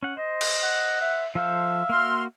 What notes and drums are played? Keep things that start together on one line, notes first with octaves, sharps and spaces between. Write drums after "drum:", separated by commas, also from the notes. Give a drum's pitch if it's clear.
C#4 F#5
C5 D#5
drum: cymbal
F#5
E5
F3 A4 C5 E5 F5
A#3 F#4 C6 F6